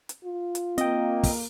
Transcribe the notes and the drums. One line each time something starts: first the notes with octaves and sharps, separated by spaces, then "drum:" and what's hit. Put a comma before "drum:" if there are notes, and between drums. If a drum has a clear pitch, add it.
drum: hi-hat
F4
drum: hi-hat
A#3 C4 D#5 G5, drum: hi-hat
drum: kick, open hi-hat